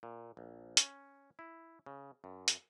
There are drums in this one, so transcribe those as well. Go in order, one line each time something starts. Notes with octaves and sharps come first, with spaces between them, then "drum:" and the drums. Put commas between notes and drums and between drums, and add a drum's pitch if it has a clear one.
A#2
A#1
C#4, drum: hi-hat
E4
C#3
F#2
drum: hi-hat